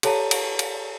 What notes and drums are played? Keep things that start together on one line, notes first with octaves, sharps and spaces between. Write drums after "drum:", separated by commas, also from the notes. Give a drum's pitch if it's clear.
G4 A4 C#5 A5 A#5 D#7, drum: cymbal
drum: cymbal
drum: cymbal